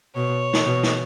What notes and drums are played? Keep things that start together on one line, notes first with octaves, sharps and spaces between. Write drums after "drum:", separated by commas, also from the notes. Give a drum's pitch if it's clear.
B2 C#5
drum: snare
B2
drum: snare